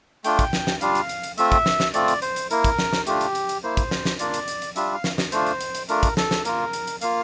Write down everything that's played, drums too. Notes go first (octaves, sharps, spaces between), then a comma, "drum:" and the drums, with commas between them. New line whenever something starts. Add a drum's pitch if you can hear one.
A3 D4 F4 G5, drum: hi-hat
drum: kick, hi-hat
drum: snare
drum: snare
G3 D4 F4 F5, drum: hi-hat
drum: hi-hat
drum: hi-hat
drum: hi-hat
A3 C4 F4 E5, drum: hi-hat
drum: kick, hi-hat
drum: snare
drum: snare
A3 C4 F4 D5, drum: hi-hat
drum: hi-hat
C5, drum: hi-hat
drum: hi-hat
A#3 E4 A#4, drum: hi-hat
drum: kick, hi-hat
drum: snare
drum: snare
A3 D4 F4 G4, drum: hi-hat
drum: hi-hat
drum: hi-hat
drum: hi-hat
A#3 E4 C5
drum: kick, hi-hat
drum: snare
drum: snare
A#3 D4 F4 D5, drum: hi-hat
drum: hi-hat
drum: hi-hat
drum: hi-hat
G3 D4 F4 E5, drum: hi-hat
F5
drum: snare
drum: snare
A3 D4 F4 C5, drum: hi-hat
drum: hi-hat
drum: hi-hat
drum: hi-hat
A3 D4 F4 A#4, drum: hi-hat
drum: kick, hi-hat
A4, drum: snare
drum: snare
A#3 F4 A#4, drum: hi-hat
drum: hi-hat
drum: hi-hat
A#3 F4 F5, drum: hi-hat